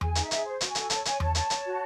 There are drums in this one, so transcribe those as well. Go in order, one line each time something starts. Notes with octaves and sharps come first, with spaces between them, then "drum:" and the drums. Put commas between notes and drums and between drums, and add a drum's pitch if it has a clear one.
G#4 G#5, drum: tom E2
D#4, drum: hi-hat
E5
G#4, drum: hi-hat
C5
F#4, drum: hi-hat
G#5
A4, drum: hi-hat
C#5 A5, drum: hi-hat
C#5 G#5, drum: hi-hat
C#5 A5, drum: tom E2
C#5 A5, drum: hi-hat
C#5, drum: hi-hat
F#4